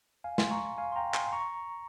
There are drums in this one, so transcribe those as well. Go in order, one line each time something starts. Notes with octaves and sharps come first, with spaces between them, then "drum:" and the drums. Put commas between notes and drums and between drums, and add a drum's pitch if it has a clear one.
F5 G#5
G#5 C6, drum: snare
A#5 C#6
F5 G#5
C6
G5 A#5
G#5 C6, drum: clap
A#5 C#6